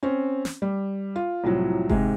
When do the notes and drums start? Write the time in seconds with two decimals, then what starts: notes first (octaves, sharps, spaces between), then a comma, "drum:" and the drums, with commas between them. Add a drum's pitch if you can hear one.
0.03 C4 C#4
0.45 drum: snare
0.62 G3
1.16 F4
1.44 C2 A2 F3 F#3
1.89 G#2 C3 G#3, drum: kick F#1